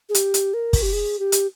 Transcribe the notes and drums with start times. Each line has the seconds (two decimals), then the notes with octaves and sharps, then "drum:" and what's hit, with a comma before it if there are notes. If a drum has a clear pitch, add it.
0.09 G#4
0.15 G4, drum: hi-hat
0.34 drum: hi-hat
0.54 A#4
0.73 drum: kick, open hi-hat
0.82 G4
0.93 G#4
1.19 G4
1.32 drum: hi-hat